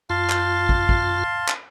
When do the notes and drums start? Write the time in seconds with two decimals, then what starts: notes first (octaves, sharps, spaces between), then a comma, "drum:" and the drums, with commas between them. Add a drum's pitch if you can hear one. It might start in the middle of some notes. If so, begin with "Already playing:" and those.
0.10 F#2 F4 F5 A5 C6
0.30 drum: clap
0.69 drum: kick
0.89 drum: kick
1.48 drum: clap